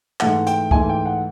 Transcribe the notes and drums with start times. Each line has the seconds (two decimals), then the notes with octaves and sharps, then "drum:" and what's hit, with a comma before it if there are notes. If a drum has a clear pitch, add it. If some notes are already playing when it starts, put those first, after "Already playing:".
0.20 G#2 E3 A3 F#5, drum: clap
0.47 G5, drum: hi-hat
0.71 G#2 E3 A3 G#5, drum: kick C2
0.89 G5
1.05 F#5